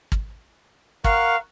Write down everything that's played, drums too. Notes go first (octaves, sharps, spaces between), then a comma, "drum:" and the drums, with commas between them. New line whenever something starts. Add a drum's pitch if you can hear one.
drum: kick
A#4 F5 F#5 C#6, drum: kick